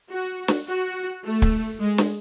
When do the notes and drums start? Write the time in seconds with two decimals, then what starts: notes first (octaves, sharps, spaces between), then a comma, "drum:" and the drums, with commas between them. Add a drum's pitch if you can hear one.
0.10 F#4
0.48 drum: snare
0.67 F#4
1.24 A3
1.42 drum: kick
1.80 G#3
1.98 drum: snare